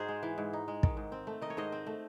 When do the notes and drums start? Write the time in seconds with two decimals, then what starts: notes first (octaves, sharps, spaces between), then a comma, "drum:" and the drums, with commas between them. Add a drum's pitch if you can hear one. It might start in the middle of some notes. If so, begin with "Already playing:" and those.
Already playing: G#2 D#4 F#4 G#4 C5
0.08 G#3
0.23 E3
0.38 G#2
0.53 D#4
0.68 G#3
0.83 D#3, drum: kick
0.97 G#2
1.12 C4
1.27 A3
1.42 D#3 D#5
1.50 C#5
1.57 G#2 C5 D#5
1.72 C4
1.87 A3